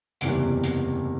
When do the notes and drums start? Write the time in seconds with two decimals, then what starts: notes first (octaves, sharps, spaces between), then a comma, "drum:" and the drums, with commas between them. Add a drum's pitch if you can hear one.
0.21 F#1 E2 C3 E3 G3, drum: hi-hat
0.64 drum: hi-hat